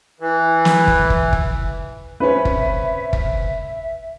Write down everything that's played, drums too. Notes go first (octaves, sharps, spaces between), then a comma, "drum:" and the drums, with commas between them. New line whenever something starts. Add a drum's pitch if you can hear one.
E3
drum: snare
drum: kick
drum: kick
drum: kick
C4 C#4 B4 E5
drum: kick
drum: kick